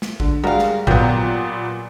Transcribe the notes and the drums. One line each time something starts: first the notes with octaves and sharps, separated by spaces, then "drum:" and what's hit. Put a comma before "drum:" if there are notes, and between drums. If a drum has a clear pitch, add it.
drum: snare
D3, drum: kick A1
G3 G#3 F#4 A#4 F5
drum: snare
A#2 F#3 G3 A#3 B3, drum: kick A1